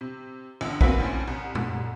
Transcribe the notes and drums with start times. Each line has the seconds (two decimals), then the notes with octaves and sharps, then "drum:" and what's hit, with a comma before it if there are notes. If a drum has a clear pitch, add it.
0.01 C3
0.61 C#2 D3
0.81 A#3 C4 C#4 F#4 B4 E5, drum: kick
0.98 D2 A2 C#4
1.28 C2
1.55 drum: tom A2